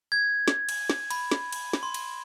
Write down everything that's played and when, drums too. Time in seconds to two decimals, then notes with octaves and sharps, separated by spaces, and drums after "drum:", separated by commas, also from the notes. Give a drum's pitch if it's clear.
0.12 G#6
0.48 drum: snare
0.69 drum: cymbal
0.90 drum: snare
1.11 B5, drum: cymbal
1.31 drum: snare
1.52 drum: cymbal
1.73 drum: snare
1.83 C6
1.94 drum: cymbal